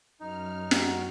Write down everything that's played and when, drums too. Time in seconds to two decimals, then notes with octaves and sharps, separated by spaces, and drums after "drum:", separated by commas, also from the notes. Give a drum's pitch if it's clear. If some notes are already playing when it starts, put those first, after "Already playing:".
0.20 F#2 D#4 F6
0.71 F#4, drum: snare